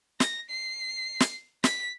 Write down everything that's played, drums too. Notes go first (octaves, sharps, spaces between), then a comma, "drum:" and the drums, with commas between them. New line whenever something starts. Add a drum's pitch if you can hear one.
A#6, drum: snare
C7
drum: snare
B6, drum: snare